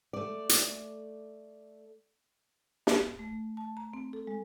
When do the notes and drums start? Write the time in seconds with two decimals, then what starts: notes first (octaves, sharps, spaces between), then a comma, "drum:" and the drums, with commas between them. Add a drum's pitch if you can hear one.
0.13 A3 D5
0.49 drum: hi-hat
2.87 drum: snare
3.19 A3
3.57 A5
3.77 A#5
3.94 C4
4.13 A4
4.27 G#3